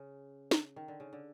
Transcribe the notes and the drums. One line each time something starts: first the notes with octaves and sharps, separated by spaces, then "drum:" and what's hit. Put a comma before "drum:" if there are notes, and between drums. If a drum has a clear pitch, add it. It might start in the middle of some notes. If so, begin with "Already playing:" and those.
Already playing: C#3
drum: snare
D#3
D3
C#3
D3